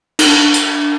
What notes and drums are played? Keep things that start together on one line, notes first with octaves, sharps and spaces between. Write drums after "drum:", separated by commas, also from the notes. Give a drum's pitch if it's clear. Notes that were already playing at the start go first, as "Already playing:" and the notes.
D#4, drum: cymbal
D4
drum: tambourine